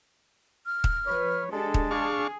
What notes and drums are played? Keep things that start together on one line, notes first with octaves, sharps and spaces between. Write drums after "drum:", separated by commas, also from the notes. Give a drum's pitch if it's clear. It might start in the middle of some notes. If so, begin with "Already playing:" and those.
F6
drum: kick
F3 B4 C#5
G#3 D4 G4 A4 A5
drum: kick
D4 G#4 F5 C#6